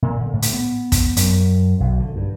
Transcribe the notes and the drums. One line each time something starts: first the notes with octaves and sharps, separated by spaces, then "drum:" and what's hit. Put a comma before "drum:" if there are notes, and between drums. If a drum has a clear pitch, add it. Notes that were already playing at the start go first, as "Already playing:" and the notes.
A#2
D3
A2
drum: hi-hat
B3
drum: kick, hi-hat
F#2, drum: hi-hat
B1
D3
G2